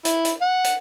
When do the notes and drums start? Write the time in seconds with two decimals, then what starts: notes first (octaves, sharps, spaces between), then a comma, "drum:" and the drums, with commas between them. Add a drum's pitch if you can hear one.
0.05 E4, drum: hi-hat
0.25 drum: hi-hat
0.42 F#5
0.64 drum: hi-hat